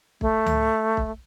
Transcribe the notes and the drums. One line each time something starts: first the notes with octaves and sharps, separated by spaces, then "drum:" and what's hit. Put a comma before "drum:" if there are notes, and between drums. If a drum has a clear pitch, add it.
A3, drum: kick
drum: tom C#2
drum: kick